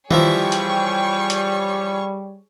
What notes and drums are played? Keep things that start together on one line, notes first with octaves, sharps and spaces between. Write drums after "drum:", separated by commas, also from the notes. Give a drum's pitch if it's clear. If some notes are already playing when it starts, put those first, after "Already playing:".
E3 F3 G3 E4 G#4 C#5 G5 C#6, drum: tom D#3
drum: hi-hat
drum: hi-hat